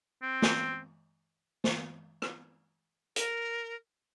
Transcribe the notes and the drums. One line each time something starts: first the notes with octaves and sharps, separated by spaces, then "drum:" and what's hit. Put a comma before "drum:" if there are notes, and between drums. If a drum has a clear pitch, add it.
C4
drum: snare
drum: snare
drum: rim click
A#4, drum: hi-hat